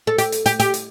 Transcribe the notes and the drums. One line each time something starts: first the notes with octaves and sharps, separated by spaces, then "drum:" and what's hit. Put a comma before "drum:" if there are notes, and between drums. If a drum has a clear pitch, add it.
A4
G4, drum: hi-hat
drum: hi-hat
G4, drum: hi-hat
G4, drum: hi-hat
drum: hi-hat